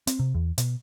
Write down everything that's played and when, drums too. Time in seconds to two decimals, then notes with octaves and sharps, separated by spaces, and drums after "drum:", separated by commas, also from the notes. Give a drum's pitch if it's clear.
0.07 C4, drum: hi-hat
0.19 C3
0.35 E2
0.58 B2, drum: hi-hat